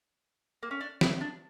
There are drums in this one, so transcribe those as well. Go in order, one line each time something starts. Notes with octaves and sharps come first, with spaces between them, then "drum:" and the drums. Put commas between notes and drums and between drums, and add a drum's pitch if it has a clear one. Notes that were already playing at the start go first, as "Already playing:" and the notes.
A#3
C#4
D4
E4, drum: snare
D4